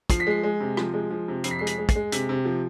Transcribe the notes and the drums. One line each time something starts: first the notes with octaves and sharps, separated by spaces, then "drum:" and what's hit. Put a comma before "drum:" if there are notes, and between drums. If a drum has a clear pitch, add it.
F3 C7, drum: kick, hi-hat
B6
G#3 C7
G#3
C3
F3, drum: rim click
G#3
F3
C3
F2 C7, drum: hi-hat
B6
G#3 C7
B6, drum: hi-hat
G#3
C7, drum: kick, hi-hat
G#3
C3 B6, drum: hi-hat
C3
F3